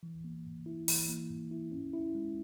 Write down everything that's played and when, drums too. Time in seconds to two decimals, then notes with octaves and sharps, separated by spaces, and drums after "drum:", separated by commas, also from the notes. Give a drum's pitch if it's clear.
0.03 E3
0.24 A#3
0.46 G#2
0.66 E4
0.88 E3, drum: open hi-hat
1.09 A#3
1.30 G#2
1.51 E4
1.72 C#4
1.93 E4
2.15 G#3